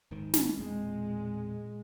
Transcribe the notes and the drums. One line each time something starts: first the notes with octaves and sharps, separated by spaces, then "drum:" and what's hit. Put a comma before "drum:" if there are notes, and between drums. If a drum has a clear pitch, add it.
D1 G#2 D#3
drum: snare
E1 A#2 G#3 C4